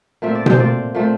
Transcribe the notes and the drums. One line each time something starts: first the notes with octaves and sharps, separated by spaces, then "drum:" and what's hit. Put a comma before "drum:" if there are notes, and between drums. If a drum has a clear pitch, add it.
A#2 A3 C4 E5
D5
C5, drum: tom B2
A#2 A3 C4 D5
A#2 A3 C4